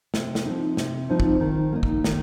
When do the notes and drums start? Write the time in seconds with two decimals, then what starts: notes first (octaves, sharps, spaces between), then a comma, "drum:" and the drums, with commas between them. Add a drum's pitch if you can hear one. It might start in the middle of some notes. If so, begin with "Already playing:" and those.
0.14 C3, drum: snare
0.35 drum: snare
0.46 F3 C4 D#4
0.77 C3, drum: snare
1.09 F3 C4 D#4
1.20 drum: kick
1.40 D#3
1.73 A#3 D#4
1.83 drum: kick
2.04 D#3, drum: snare